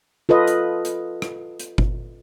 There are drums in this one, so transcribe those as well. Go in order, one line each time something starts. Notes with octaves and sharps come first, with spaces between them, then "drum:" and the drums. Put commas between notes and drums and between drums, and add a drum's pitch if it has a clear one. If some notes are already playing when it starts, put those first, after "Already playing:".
F4 A4 B4 D#5
drum: hi-hat
drum: hi-hat
drum: rim click
drum: hi-hat
drum: kick G1